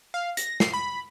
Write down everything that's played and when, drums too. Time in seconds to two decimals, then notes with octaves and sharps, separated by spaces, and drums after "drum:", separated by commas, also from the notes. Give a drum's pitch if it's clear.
0.14 F5
0.37 A#6, drum: hi-hat
0.60 C7, drum: snare
0.74 B5